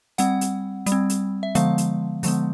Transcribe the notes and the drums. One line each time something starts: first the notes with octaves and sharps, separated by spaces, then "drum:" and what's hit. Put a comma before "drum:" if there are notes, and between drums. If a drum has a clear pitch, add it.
G3 C4 F#5, drum: hi-hat
drum: hi-hat
G3, drum: hi-hat
C4
drum: hi-hat
E5
D3 F3 G#3 B3 F5, drum: hi-hat
drum: hi-hat
D3 F3 G#3 B3, drum: open hi-hat